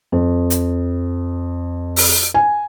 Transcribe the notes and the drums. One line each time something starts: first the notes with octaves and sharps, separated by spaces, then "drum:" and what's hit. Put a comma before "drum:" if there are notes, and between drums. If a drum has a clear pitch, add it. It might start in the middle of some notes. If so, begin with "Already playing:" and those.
F2
drum: hi-hat
drum: open hi-hat
G#5